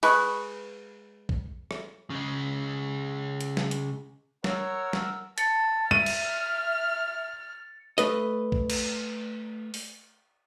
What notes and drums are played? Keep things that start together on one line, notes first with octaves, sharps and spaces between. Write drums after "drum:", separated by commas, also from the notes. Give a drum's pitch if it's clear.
G#3 B4 B5 C#6, drum: cymbal
drum: kick
drum: rim click
C#3 G#3
drum: hi-hat
drum: snare
drum: hi-hat
A#4 C#5 F#5 E6, drum: snare
drum: snare
A5 A6 C#7, drum: hi-hat
E5 F6 D#7, drum: tom
drum: cymbal
A3 B4 D#5, drum: hi-hat
drum: kick
drum: cymbal
drum: open hi-hat